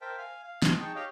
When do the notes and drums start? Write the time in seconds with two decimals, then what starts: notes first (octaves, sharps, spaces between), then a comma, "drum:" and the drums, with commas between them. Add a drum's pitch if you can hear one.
0.01 A#4 C5 E5 G5 A5
0.18 F5 G#5
0.43 F5
0.62 D#5 A5 C6, drum: snare
0.80 D#4 G#4 G5 A5 C#6
0.95 G4 C#5 D#5 F5 G5